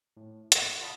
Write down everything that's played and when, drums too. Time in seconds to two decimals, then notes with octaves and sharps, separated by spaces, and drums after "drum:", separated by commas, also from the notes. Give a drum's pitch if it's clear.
0.17 A2
0.52 F#5, drum: hi-hat
0.81 F4 D5 F5 A5 B5 D#6